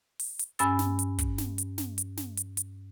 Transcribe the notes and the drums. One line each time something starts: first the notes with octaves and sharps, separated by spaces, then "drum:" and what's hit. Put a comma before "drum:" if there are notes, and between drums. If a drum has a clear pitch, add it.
drum: open hi-hat
drum: hi-hat
G2 C#4 G#5 B5 E6 A6, drum: hi-hat
drum: snare
drum: hi-hat
drum: kick, hi-hat
drum: snare
drum: hi-hat
drum: snare
drum: hi-hat
drum: snare
drum: hi-hat
drum: hi-hat